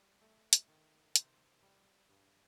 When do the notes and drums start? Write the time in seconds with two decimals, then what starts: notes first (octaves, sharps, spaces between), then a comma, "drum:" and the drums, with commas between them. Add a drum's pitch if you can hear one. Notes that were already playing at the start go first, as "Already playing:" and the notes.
Already playing: G3
0.21 A3
0.53 drum: hi-hat
0.68 D#3
1.16 C3 C5, drum: hi-hat
1.63 G3
2.09 G2